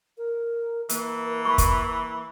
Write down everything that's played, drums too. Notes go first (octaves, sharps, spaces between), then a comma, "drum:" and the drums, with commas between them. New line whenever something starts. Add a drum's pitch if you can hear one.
A#4
E3 A#3, drum: hi-hat
A#4
B5 C#6
drum: kick, hi-hat